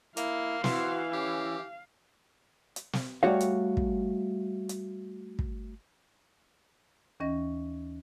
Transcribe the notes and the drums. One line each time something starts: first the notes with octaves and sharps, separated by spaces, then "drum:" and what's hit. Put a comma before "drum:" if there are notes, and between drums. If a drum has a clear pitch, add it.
A#3 E4 F5, drum: hi-hat
E3 F#4 C5, drum: snare
C#4 G4
drum: hi-hat
drum: snare
G3 A3 F#4 C#5 F5
drum: hi-hat
drum: kick
drum: hi-hat
drum: kick
D#2 E3 C#4 D#5 A#6